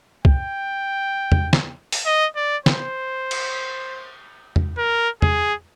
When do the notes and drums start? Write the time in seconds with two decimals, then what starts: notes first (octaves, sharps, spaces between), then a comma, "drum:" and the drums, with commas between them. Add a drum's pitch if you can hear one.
0.25 G5, drum: kick C2
1.32 drum: tom E2
1.53 drum: snare
1.92 drum: open hi-hat
2.06 D#5
2.36 D5
2.66 C5, drum: snare
3.31 drum: cymbal
4.56 drum: tom E2
4.78 A#4
5.22 G#4, drum: tom E2